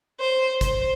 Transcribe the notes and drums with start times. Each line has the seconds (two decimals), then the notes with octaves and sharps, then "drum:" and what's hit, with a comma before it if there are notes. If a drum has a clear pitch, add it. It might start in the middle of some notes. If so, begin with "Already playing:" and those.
0.20 C5
0.61 C5, drum: kick, hi-hat